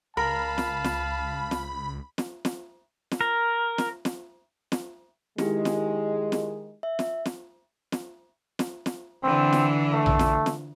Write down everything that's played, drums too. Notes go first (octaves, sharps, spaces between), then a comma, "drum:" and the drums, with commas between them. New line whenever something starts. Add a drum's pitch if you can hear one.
C#2 A#4 F5 A5 B5
drum: snare
drum: snare
drum: snare
drum: snare
drum: snare
drum: snare
A#4
drum: snare
drum: snare
drum: snare
D#3 G#3 E4 G4, drum: snare
drum: snare
drum: snare
E5
drum: snare
drum: snare
drum: snare
drum: snare
drum: snare
D3 E3 C4
drum: snare
A3
drum: tom A#1
drum: snare
drum: snare